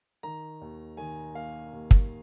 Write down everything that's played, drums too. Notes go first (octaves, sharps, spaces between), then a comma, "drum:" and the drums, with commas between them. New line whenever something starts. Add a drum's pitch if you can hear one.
D#3 A#5
D#2
D#3 G#5
A#3 F5
D#2
drum: kick